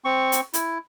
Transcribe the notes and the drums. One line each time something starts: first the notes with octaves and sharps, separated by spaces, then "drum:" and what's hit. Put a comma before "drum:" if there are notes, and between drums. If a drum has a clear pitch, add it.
C4 C#6
drum: hi-hat
E4, drum: hi-hat